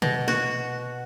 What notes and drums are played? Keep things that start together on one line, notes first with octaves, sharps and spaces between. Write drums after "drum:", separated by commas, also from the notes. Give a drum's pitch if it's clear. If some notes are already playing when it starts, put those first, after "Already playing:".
B2, drum: tom B2
F#4, drum: snare